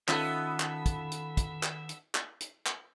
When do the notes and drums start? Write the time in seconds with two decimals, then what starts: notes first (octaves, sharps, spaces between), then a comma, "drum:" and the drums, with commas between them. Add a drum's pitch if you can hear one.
0.08 D#3 B3 C#4 F4 A4 E5, drum: clap
0.60 drum: clap
0.86 drum: kick, hi-hat
1.12 drum: hi-hat
1.37 drum: kick, hi-hat
1.63 drum: clap
1.89 drum: hi-hat
2.15 drum: clap
2.41 drum: hi-hat
2.66 drum: clap